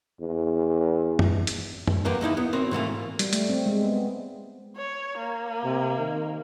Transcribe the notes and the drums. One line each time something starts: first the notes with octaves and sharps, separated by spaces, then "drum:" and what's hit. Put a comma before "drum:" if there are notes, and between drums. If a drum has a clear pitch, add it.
E2
drum: tom F#2
drum: hi-hat
drum: tom F#2
F#3 A#3 G4 A#4 B4
E2 A#3 D#4 E4
B3
C4 F#4 A#4
G#2 E3 A3 A#3
G3, drum: hi-hat
A3, drum: hi-hat
C4
G#3
B3
C#5
A#3
C3
D#3